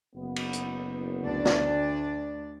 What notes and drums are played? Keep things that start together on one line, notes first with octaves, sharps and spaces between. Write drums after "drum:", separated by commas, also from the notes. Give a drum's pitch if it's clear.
F#1 B3
drum: cymbal
drum: hi-hat
D2 D4 D5
drum: snare